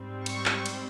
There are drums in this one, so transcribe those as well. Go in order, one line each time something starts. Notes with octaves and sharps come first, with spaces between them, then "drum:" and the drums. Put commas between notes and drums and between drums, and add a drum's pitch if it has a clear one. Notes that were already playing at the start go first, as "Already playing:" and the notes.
Already playing: G#2 G3 C4
C#6, drum: cymbal
drum: clap
drum: cymbal